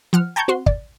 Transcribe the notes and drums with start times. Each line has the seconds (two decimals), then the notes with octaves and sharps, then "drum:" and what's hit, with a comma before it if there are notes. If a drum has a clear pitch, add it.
0.13 F3 F#5 F6
0.36 G5 A5 A#5 C#6 G6 G#6
0.48 C4 F#4 C6
0.66 D5, drum: kick